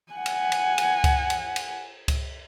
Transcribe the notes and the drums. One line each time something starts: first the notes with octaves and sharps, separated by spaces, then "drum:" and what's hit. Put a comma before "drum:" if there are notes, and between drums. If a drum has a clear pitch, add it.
F#5 G#5
drum: cymbal
drum: cymbal
drum: cymbal
drum: kick C#2, cymbal
drum: cymbal
drum: cymbal
drum: kick C#2, cymbal